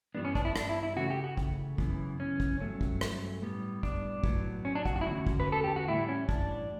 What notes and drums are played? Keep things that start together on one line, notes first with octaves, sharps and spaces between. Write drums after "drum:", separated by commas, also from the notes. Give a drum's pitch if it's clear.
G2 E3 G3 B3 D4
C#4
D4, drum: kick
E4
D4, drum: rim click
E4
E4
C#3 E3 A3 C#4 F#4
G4
F#4
drum: kick
F#2 C#3 E3 B3, drum: kick
C#4
drum: kick
G2 F#3 A3 C#4
drum: kick
drum: rim click
A2 G3 B3
D4, drum: kick
A2 F#3 B3, drum: kick
C#4
D4
F#4, drum: kick
F#4
E4
E2 D3 A3 C#4 F#4
drum: kick
B4
A4
G4
F#4
A2 E3 G3 E4
C#4
D4, drum: kick